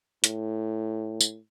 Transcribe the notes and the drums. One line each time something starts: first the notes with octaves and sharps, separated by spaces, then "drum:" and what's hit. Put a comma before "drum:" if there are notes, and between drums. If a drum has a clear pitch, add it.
A2, drum: hi-hat
drum: tambourine